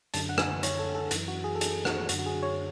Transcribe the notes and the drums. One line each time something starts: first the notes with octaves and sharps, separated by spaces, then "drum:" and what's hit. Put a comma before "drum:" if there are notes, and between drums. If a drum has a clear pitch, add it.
F#2 D3 A5, drum: hi-hat
F#5
G#5, drum: rim click
C#5, drum: hi-hat
A4
A4
F#2 E3, drum: hi-hat
F#4
G#4
A4
G#4, drum: hi-hat
F#4, drum: rim click
F#2 D3 F#4, drum: hi-hat
F#4
G#4
C#5